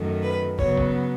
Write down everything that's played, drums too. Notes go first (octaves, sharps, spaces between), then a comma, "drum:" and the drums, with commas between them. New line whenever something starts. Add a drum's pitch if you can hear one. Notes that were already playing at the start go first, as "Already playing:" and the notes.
Already playing: F#2 D#3 A3
B4
C#3 F#3 B3 C#5, drum: kick
drum: kick